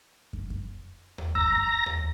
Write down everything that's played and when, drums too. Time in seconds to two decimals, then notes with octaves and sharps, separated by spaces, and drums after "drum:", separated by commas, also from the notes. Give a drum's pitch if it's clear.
0.33 drum: kick
0.50 drum: kick
1.18 drum: tom D#2
1.35 A#5 E6 A#6, drum: kick
1.52 drum: kick
1.86 drum: tom D#2